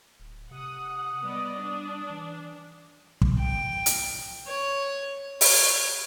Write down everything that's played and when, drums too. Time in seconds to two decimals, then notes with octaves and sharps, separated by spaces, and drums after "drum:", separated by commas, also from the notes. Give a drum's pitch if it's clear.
0.20 D1
0.51 C3 F#5 D#6
1.24 G3 B3 D5 D#5
1.56 D4
2.10 E3
3.21 drum: kick
3.38 G5
3.86 drum: hi-hat
4.47 C#5
5.41 C#5, drum: open hi-hat